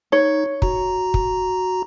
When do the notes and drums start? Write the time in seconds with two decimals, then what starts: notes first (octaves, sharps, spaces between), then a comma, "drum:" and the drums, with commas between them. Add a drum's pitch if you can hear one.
0.12 D#4 C#5
0.62 F#4 A#5, drum: kick
1.14 drum: kick